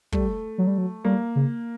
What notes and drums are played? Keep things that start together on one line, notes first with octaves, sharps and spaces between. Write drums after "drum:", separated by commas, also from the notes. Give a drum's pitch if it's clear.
G3 A3, drum: kick
F#3
G3
F#3
G3 A#3
C#3